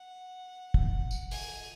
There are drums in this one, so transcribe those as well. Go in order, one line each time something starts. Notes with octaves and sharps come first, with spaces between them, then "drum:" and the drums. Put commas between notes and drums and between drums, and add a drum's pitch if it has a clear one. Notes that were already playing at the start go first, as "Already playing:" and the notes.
Already playing: F#5
drum: kick
drum: tambourine
G#5, drum: open hi-hat